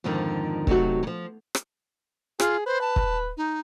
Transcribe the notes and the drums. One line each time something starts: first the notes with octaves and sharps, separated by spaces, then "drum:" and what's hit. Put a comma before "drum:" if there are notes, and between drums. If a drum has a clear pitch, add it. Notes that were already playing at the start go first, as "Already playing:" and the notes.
F2 G#2 D3 D#3 F3
C3 F#3 A3 D#4 F#4, drum: kick
F3 F#3
drum: rim click
F4 G#4, drum: rim click
B4 C5
A5
drum: kick
D#4